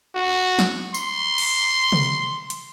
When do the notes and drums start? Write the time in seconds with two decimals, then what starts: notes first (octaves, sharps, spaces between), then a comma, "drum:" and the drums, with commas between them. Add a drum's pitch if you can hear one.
0.15 F#4
0.59 drum: snare
0.94 C6, drum: tambourine
1.38 drum: cymbal
1.92 drum: tom
2.50 drum: hi-hat